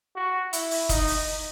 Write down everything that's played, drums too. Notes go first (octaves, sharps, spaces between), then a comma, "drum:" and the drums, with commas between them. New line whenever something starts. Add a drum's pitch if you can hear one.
F#4
E4, drum: hi-hat
drum: open hi-hat
D#4, drum: kick, hi-hat
drum: open hi-hat